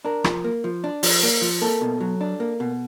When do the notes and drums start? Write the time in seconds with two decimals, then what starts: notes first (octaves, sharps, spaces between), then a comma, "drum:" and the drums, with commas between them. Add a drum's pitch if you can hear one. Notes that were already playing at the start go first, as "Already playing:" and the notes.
0.05 D4 A#4
0.24 F3, drum: rim click
0.44 A#3
0.64 F3
0.84 D4
1.03 F3, drum: open hi-hat
1.23 A#3
1.42 F3
1.62 A#3 A4
1.81 B2
2.00 F#3
2.21 D4
2.40 A#3
2.60 B2